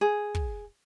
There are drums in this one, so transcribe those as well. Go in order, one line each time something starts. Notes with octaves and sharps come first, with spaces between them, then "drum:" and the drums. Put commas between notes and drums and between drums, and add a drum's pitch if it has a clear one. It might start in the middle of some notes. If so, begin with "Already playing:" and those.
G#4
drum: kick